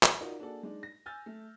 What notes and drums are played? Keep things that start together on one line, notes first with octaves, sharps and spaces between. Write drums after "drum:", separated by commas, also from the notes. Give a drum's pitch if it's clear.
drum: clap
D#4 F4 F#4 A#4 D5 D#5
A#3 D4 F#4 G#4 A4 D5
G#3 D4 D#4
A#6
G#5 E6 F6 G6 A6
A3